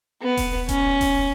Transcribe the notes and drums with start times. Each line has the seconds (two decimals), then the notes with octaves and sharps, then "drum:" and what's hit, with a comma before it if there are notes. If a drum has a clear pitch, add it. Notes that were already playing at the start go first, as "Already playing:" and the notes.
0.22 B3
0.37 drum: kick E1, open hi-hat
0.68 C#4, drum: kick E1, hi-hat
1.01 drum: kick E1, open hi-hat